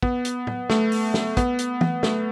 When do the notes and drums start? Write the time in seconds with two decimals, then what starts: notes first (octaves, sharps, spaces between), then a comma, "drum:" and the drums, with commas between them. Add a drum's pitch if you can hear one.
0.03 B3, drum: kick
0.25 drum: hi-hat
0.47 drum: tom A2
0.70 A3, drum: snare
0.92 drum: open hi-hat
1.14 drum: snare
1.37 B3, drum: kick, hi-hat
1.59 drum: hi-hat
1.81 drum: tom
2.03 A3, drum: snare